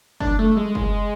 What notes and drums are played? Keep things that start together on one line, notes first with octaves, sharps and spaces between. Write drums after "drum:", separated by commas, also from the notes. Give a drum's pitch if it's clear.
D4, drum: kick F#1
A3
G#3
drum: kick F#1